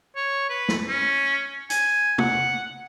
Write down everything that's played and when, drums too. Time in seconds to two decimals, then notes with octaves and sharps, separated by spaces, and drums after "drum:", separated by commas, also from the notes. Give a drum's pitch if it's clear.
0.16 C#5
0.50 B4
0.68 drum: snare
0.88 C#4
1.70 G#5, drum: hi-hat
2.18 F#5, drum: tom